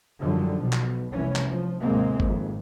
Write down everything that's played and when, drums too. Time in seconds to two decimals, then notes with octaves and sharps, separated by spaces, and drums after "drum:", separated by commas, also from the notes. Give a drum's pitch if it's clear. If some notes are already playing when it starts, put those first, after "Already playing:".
0.20 F#2 D3 D#3 F3 G3
0.62 B1 B2
0.72 drum: clap
1.12 F1 C2 E3 G3 C#4
1.36 drum: clap
1.51 F3
1.82 D#2 A2 C3 G#3 A#3 C4
2.20 G#1 F2 G#2, drum: kick